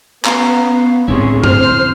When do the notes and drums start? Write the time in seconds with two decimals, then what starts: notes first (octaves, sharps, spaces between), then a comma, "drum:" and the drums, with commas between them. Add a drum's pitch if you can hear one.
0.25 B3 C#4 F5 A#5, drum: clap
1.08 A2 D3 C4 C#4 E4 G#4
1.44 C5 F6, drum: tom G2